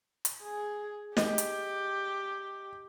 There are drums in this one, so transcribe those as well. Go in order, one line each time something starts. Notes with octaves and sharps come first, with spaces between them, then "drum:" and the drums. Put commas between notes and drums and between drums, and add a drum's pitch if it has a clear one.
drum: hi-hat
G#4
G4 D#5, drum: snare
drum: hi-hat